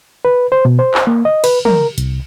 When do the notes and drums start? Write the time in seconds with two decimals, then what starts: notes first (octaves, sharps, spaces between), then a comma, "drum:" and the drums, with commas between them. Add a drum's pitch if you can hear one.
0.25 B4
0.52 C5
0.65 B2
0.79 C5
0.94 drum: clap
1.07 A#3
1.25 D#5
1.44 B4, drum: cymbal
1.65 A#4, drum: tom
1.98 C2, drum: hi-hat